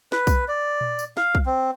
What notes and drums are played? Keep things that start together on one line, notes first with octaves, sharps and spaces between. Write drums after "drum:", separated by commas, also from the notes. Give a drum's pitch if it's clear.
B4, drum: snare
drum: kick B1, tambourine
D5
drum: tom A#2
drum: tambourine
F5, drum: snare
drum: kick B1
C4